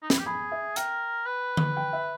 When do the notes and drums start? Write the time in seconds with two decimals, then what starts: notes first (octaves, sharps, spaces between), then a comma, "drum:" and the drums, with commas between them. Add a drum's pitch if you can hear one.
0.03 D#4
0.10 E4, drum: snare
0.18 G4
0.26 G#4 B5
0.52 E5
0.76 A#4 G5, drum: hi-hat
1.26 B4
1.57 drum: tom D3
1.77 G5
1.93 E5